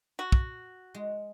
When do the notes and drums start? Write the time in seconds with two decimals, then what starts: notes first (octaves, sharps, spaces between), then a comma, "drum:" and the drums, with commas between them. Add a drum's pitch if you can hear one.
0.19 F#4
0.32 drum: kick
0.94 G#3